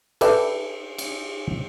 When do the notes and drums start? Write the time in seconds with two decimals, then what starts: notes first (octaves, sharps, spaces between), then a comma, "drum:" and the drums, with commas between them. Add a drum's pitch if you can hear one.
0.21 A4 B4 D5 E5 G5, drum: cymbal
0.98 drum: cymbal